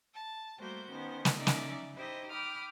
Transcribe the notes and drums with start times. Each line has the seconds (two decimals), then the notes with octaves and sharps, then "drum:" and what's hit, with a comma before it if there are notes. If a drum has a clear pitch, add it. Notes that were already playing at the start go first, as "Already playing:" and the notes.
0.13 A5
0.60 G3 A3 A#3 F#4 C5 G6
0.90 D#3 B3 C#4 C5
1.25 drum: snare
1.37 C#4 D#4 D5 E5
1.47 drum: snare
1.96 D#4 E4 G4 C5 D#5
2.30 G5 B5 D6 D#6 F6